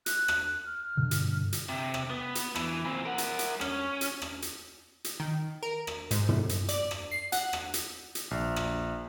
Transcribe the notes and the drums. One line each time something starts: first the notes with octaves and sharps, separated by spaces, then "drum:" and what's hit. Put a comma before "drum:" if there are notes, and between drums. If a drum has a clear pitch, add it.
F#6, drum: hi-hat
drum: rim click
F6
G2 B2 D3
drum: hi-hat
drum: hi-hat
C3
drum: rim click
B3
drum: hi-hat
E3, drum: rim click
A#2 C4
A#4 F#5
drum: hi-hat
drum: hi-hat
C#4, drum: rim click
drum: hi-hat
drum: rim click
drum: hi-hat
drum: hi-hat
D#3
A#4
drum: rim click
G#2, drum: hi-hat
drum: tom
drum: hi-hat
D5, drum: hi-hat
drum: rim click
C7
F#5, drum: hi-hat
drum: rim click
drum: hi-hat
drum: hi-hat
A#1
drum: rim click